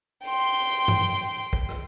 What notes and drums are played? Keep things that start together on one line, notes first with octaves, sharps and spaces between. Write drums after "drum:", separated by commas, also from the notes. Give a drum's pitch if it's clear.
G5 C6
drum: tom G2
drum: kick
drum: rim click